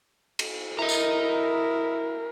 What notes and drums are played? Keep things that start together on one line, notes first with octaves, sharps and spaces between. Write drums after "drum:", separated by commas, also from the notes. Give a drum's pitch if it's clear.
drum: cymbal
E4 A#4 D#5 A#5
drum: tambourine